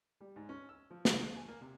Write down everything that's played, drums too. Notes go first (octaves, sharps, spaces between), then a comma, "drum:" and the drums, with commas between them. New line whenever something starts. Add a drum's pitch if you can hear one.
G3
G#2
C#4
E6
F3
C2, drum: snare
A3
G#5
A#3
C3